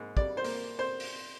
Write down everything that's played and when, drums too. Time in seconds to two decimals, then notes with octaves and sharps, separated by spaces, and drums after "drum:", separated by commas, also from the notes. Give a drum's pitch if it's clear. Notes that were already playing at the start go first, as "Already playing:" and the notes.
Already playing: G#2 A#3
0.17 G3 D5, drum: kick
0.37 C5
0.44 A#3, drum: open hi-hat
0.79 C5
1.00 drum: open hi-hat